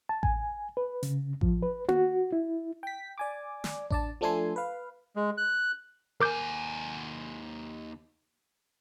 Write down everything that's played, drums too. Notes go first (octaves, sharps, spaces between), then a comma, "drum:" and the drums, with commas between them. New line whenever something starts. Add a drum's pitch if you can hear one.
A5
G#5, drum: kick A1
B4
C#3, drum: hi-hat
F3, drum: kick A1
B4
F#4, drum: tom A#3
E4
G5 B6
D5 G#5 D6
drum: snare
D4 D5 A5, drum: kick A1
F3 A3 D4 A4 G#5 C6
B4 F5
G#3
F#6
D#2 A#4 G#5 D6 G6